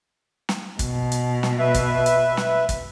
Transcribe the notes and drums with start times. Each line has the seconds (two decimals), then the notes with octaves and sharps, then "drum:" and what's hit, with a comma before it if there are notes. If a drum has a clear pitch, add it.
0.49 drum: snare
0.79 B2, drum: kick, hi-hat
1.12 drum: hi-hat
1.43 drum: snare
1.59 B4 E5
1.74 drum: kick, hi-hat
2.06 drum: hi-hat
2.37 drum: snare
2.69 drum: kick, hi-hat